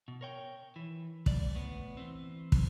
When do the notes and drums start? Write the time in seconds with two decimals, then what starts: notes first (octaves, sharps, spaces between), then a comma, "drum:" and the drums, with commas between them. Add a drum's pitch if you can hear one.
0.08 B2
0.21 A#4 C#5 G5
0.76 E3
1.26 G#2 D5, drum: kick
1.55 A2 B3
1.97 E3 C4
2.52 drum: kick